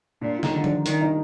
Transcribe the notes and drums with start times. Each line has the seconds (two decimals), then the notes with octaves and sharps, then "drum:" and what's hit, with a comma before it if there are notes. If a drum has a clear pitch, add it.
0.21 A#2 D4
0.38 F4
0.43 D#3 D#4, drum: snare
0.54 D3 D#4
0.64 D4, drum: tom F3
0.86 D#3 D4, drum: hi-hat
1.01 D#3 D#4